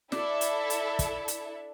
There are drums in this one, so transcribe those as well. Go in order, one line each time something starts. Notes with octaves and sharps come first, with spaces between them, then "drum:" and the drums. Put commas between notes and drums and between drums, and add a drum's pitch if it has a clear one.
D4 E4 A4 E5, drum: snare
drum: hi-hat
drum: hi-hat
drum: kick, hi-hat
drum: hi-hat